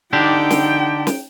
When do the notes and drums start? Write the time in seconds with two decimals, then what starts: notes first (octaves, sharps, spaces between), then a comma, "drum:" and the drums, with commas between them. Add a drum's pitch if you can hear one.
0.13 D3 D4 D#4 G4 G5
0.50 drum: snare
1.07 drum: snare